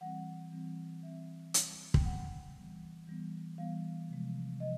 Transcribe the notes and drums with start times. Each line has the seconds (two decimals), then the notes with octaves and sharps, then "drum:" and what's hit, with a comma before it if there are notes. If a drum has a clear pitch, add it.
0.01 E3 G3 C4 F#5
0.52 E3 G3 C4
1.03 E3 G3 C4 E5
1.54 E3 G3 C4, drum: hi-hat
1.94 G5, drum: kick
2.05 E3 G3 B3 F#5
2.56 E3 G3 B3
3.07 E3 G3 B3
3.58 E3 G3 B3 F5
4.09 C3 F3 G#3
4.60 C3 F3 D#5